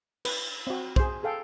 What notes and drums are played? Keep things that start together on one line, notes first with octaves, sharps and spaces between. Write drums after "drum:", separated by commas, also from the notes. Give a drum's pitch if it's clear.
B4, drum: cymbal
C4 F#4
G#4 C5, drum: kick
G#4 A4 F5 G5